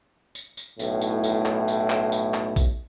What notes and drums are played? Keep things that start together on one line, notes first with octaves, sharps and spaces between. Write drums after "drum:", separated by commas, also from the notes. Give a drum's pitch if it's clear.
drum: tambourine
drum: tambourine
B1 A2, drum: tambourine
drum: tambourine
drum: tambourine
drum: clap
drum: tambourine
drum: clap
drum: tambourine
drum: clap
drum: kick, tambourine